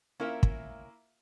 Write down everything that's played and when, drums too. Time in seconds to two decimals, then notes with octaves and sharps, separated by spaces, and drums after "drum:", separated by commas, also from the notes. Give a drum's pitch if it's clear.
0.20 A#3 C#4 E4 F4 A#4 E5
0.43 drum: kick